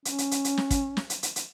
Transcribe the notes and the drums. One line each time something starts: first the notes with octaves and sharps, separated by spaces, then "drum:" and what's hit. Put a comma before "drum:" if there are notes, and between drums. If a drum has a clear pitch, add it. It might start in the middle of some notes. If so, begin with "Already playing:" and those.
C#4, drum: hi-hat
drum: hi-hat
drum: hi-hat
drum: hi-hat
drum: snare
drum: kick, hi-hat
drum: snare
drum: hi-hat
drum: hi-hat
drum: hi-hat